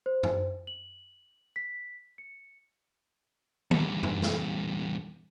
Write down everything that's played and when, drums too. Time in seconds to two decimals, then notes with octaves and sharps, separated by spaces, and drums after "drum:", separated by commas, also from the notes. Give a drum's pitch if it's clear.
0.06 C5
0.23 drum: tom F#2
0.67 F#7
1.56 B6
2.18 C#7
3.71 E2 G3, drum: tom D#3
4.03 drum: tom F#2
4.22 drum: snare